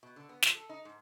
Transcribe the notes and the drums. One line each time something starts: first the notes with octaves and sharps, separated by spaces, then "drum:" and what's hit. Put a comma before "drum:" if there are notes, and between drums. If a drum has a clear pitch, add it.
B2
D3
B3
F3, drum: snare
A4
D#4
G#2